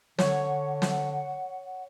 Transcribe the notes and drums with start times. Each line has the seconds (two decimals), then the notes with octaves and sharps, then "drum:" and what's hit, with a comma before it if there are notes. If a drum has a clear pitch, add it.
0.19 D3 C#5 F#5, drum: snare
0.82 drum: snare